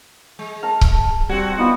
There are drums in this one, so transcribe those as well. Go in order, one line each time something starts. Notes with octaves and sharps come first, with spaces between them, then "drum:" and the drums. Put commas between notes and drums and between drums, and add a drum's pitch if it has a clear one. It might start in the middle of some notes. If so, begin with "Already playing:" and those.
G#3
A5 A#5 F6
drum: kick C#1
G3 C4 F#4 G#6
B3 D#4 F4